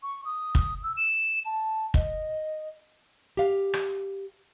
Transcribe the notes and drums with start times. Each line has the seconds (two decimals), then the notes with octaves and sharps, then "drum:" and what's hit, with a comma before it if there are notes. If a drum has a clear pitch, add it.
0.03 C#6
0.25 D#6
0.55 drum: kick
0.83 E6
0.97 E7
1.45 A5
1.94 D#5, drum: kick
3.37 G4 F5
3.73 drum: rim click